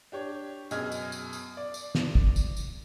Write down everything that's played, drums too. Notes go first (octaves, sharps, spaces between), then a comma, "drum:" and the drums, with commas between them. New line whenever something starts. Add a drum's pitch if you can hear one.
D4 G4 C#5
F#2 B2 G#4 D#5 F6 G#6, drum: tambourine
drum: tambourine
drum: tambourine
drum: tambourine
D5
drum: tambourine
drum: snare
drum: kick
drum: tambourine
drum: tambourine